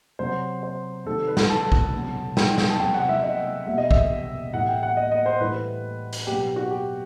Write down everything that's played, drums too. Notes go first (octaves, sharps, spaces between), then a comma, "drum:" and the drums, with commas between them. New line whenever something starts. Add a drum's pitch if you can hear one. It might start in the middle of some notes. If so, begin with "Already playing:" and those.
C3 F#3 C5
C5
C3 D#3 G3 A4
B4
drum: snare
A5
drum: kick A#1
B2 F#3
G5, drum: snare
G5
G5, drum: snare
A5
C3 F#3 G5
F#5
E5
D#5
B2 G3 E5
D#5
E5, drum: kick A#1
A2 E3 G3 F#5
G5
F#5
D#5
D#5
C5
A2 E3 G3 B4
drum: hi-hat
B2 F#3 G4
G4
F#4
G4